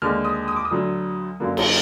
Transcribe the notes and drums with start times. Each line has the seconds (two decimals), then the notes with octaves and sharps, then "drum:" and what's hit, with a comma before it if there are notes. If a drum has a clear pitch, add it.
0.02 D#2 D3 G#3 F6
0.25 D#6
0.48 D#6
0.56 D6
0.65 D#6
0.71 D2 D3 F#3
1.40 F#2 D3 F#3 A#3
1.57 A#5, drum: cymbal